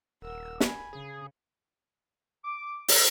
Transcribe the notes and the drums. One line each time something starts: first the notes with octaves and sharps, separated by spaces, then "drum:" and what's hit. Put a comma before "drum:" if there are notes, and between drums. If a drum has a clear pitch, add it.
D#1 A#4 F#5 E6
G#5 B5, drum: snare
C#3 G#4
D6
drum: open hi-hat